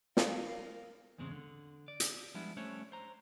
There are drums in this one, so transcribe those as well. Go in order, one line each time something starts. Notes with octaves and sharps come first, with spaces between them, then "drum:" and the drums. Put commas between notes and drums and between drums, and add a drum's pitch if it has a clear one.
A#4 F5, drum: snare
E2 G#2 C#3 G#3 C4
D3
D5
drum: hi-hat
F3 G3 G#3 B3 D4 E4
G3 A3 C#4 D4 C5 C#5
C5 A#5